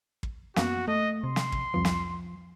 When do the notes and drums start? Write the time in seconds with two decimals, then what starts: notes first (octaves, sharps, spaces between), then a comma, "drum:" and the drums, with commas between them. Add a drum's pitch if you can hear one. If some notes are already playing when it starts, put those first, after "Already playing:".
0.23 drum: kick
0.56 F#2 A#3 B3 F#4, drum: snare
0.88 A3 D#5
1.24 C3 C6
1.36 drum: snare
1.52 drum: kick
1.74 C2 F2 E3 F3
1.85 drum: snare